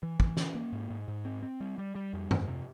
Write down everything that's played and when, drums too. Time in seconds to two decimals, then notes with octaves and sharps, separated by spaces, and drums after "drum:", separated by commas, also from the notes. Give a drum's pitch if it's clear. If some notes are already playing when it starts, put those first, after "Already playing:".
0.03 E3
0.20 E3, drum: kick
0.37 C#4, drum: snare
0.55 A#3
0.72 G#2
0.90 G#2
1.08 G#2
1.25 C4
1.42 C4
1.60 G3
1.78 G3
1.95 G3
2.13 F2
2.31 F2, drum: tom G2
2.48 C3